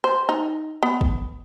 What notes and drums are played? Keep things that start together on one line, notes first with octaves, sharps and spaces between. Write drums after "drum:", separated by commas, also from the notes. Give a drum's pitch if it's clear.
C5
D#4
B3
drum: kick